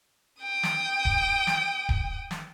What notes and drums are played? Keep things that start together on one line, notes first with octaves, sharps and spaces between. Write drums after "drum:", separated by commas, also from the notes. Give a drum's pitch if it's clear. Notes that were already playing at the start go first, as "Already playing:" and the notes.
G5 D#6
drum: snare
drum: kick D1
drum: snare
drum: kick D1
drum: snare